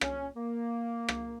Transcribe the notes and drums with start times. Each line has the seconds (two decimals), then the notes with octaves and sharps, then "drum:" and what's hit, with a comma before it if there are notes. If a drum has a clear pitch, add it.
0.01 C#4, drum: rim click
0.37 A#3
1.08 drum: rim click